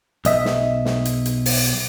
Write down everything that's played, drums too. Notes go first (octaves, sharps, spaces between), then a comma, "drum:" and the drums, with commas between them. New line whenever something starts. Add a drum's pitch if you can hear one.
B1 D#5 E5, drum: hi-hat
drum: snare
drum: snare
drum: hi-hat
drum: hi-hat
drum: open hi-hat
drum: hi-hat